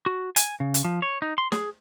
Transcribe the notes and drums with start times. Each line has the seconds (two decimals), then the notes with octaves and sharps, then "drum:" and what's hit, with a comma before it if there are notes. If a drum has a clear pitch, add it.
0.06 F#4
0.36 G#5, drum: hi-hat
0.60 C#3
0.74 drum: hi-hat
0.85 F3
1.02 C#5
1.22 D#4
1.38 C6
1.52 G#4, drum: snare